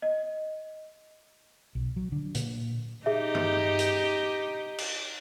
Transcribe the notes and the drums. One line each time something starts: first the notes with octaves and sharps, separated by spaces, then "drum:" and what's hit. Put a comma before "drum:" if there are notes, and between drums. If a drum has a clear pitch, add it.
D#5
B1
F#3
D3
A#2, drum: hi-hat
D#4 G4 G#4 E5
drum: tom G2
drum: hi-hat
drum: cymbal